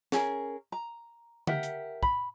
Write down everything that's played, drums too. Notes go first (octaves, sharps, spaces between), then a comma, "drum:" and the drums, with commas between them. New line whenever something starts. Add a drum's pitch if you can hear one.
C#4 G#4 A#4, drum: snare
A#5
G4 A#4 E5 F#5, drum: tom D3
drum: hi-hat
B5, drum: kick